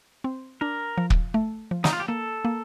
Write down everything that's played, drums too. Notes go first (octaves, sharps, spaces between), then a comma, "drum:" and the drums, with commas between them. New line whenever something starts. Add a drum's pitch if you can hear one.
C4
D4 A#4
F3
drum: kick
A3
F3
D#4, drum: snare
F4
G4
A#3 A4
A#3